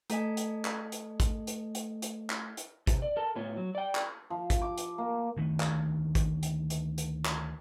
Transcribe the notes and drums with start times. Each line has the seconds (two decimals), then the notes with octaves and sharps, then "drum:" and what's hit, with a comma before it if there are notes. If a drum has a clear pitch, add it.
0.10 A3 A4 D#5 G#5, drum: hi-hat
0.37 drum: hi-hat
0.65 drum: clap
0.92 drum: hi-hat
1.20 drum: kick, hi-hat
1.47 drum: hi-hat
1.75 drum: hi-hat
2.02 drum: hi-hat
2.30 drum: clap
2.57 drum: hi-hat
2.87 C3, drum: kick, hi-hat
3.02 D5
3.17 A4 A#4 A5
3.36 A2 B3 F4 C#5
3.57 F#3
3.75 D5 G5
3.95 drum: clap
4.30 F3
4.50 drum: kick, hi-hat
4.62 D6
4.78 drum: hi-hat
4.98 A#3
5.37 D2 D#3 A3 B3
5.60 drum: clap
6.15 drum: kick, hi-hat
6.43 drum: hi-hat
6.70 drum: hi-hat
6.98 drum: hi-hat
7.25 drum: clap